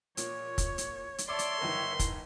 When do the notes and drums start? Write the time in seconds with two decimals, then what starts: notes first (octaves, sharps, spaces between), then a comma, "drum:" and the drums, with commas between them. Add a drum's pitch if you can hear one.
0.17 A#2 C#5, drum: hi-hat
0.58 drum: kick, hi-hat
0.78 drum: hi-hat
1.18 drum: hi-hat
1.29 C#5 D5 E5 A5 C6 D6
1.39 drum: hi-hat
1.62 F#1 D#3 E3 A#4
1.99 drum: kick, hi-hat